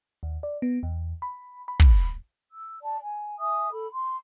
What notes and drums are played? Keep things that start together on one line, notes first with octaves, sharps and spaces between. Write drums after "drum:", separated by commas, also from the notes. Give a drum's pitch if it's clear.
D#2
D5
B3
E2
B5
B5
drum: kick
E6
D5 A5
G#5
E5 G#5 D#6
A4 B5
C6